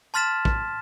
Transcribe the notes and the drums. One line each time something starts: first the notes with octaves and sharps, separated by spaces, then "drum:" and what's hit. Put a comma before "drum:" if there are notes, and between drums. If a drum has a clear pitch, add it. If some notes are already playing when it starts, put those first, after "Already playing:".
A5 C6 F6 A6 B6 E7
drum: kick